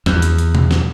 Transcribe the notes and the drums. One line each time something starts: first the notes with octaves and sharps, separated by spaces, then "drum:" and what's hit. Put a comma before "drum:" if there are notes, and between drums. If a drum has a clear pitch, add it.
E2, drum: snare
drum: hi-hat
drum: hi-hat
drum: tom B2
drum: snare